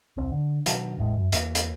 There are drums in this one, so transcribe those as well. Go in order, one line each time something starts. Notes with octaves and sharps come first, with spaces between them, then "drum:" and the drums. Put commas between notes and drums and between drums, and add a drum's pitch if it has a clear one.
D#1 C2 C4
D3
B2 D#3 F#3 D4, drum: hi-hat
A1 E2 A2 G#3
F#2
E2 A#3, drum: hi-hat
drum: hi-hat